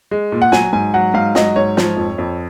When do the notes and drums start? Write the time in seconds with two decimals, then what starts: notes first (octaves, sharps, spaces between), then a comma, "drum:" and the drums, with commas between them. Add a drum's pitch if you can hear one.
0.11 G#3
0.32 A#2
0.42 F#5
0.52 F#3 G#5, drum: snare
0.73 G#2 G#5
0.94 F#3 F#5
1.14 G#2 F5
1.35 F#3 D#5, drum: snare
1.56 G#2 C#5
1.77 F3, drum: snare
1.97 F2
2.18 F2